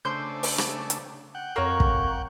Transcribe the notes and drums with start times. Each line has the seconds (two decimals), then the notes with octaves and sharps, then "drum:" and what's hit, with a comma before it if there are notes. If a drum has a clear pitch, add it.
0.05 C#3 A3 D4 C5 C6 G6
0.43 drum: open hi-hat
0.58 drum: rim click
0.90 drum: hi-hat
1.35 F#5 G5
1.56 F2 A#3 F#4 C#5 A#5
1.80 drum: kick